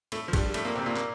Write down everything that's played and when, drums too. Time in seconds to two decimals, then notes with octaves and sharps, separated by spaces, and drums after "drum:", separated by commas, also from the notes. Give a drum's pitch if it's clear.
0.12 A2 A3, drum: cymbal
0.28 F3
0.33 G2 G3, drum: kick A#1, cymbal
0.46 G3
0.54 A2 A3, drum: cymbal
0.65 A#2 A#3
0.76 C3 C4
0.86 A#2 A#3
0.97 A#2 A#3, drum: clap